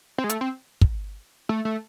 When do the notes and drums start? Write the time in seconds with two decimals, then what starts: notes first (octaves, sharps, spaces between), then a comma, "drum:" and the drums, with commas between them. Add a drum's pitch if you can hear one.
0.18 C4
0.24 G#3
0.29 A3, drum: hi-hat
0.41 C4
0.81 drum: kick
1.49 A3
1.65 A3